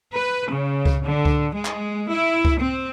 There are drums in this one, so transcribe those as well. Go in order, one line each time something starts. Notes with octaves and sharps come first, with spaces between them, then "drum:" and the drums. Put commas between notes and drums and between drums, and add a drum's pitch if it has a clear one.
B4
C#3
drum: kick C#2
D3
drum: kick C#2
G#3
drum: clap
E4
drum: kick C#2
C4